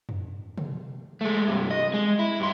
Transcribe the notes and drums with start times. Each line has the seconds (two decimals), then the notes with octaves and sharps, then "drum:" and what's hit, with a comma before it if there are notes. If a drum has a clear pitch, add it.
0.09 drum: tom F2
0.58 drum: tom
1.21 G#3 A3
1.47 G2 C3
1.70 D#5
1.94 G#3
2.19 E4
2.40 G2 C6